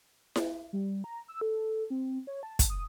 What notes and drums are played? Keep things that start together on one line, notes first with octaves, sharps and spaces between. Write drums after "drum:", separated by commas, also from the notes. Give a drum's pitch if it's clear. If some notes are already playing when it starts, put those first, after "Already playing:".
drum: snare E4
G3
A#5
E6
A4
C4
C#5
A5
drum: kick, hi-hat
D#6